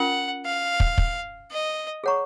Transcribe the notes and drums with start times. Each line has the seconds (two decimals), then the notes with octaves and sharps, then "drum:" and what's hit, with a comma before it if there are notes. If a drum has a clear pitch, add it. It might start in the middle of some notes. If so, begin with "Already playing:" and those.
Already playing: C#4 F4 A#4 F#5
0.45 F5
0.80 drum: kick
0.98 drum: kick
1.51 D#5
2.04 G#4 C#5 F#5 A#5 C#6